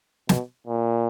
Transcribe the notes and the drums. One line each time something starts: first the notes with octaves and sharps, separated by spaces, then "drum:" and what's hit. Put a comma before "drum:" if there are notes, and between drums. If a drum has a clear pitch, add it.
B2, drum: snare
A#2